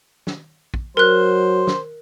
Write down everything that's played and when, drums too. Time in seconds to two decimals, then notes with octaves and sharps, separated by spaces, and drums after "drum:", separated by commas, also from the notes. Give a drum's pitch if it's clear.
0.27 drum: snare
0.74 drum: kick
0.97 F#3 A#4 C5 F#6
1.67 drum: snare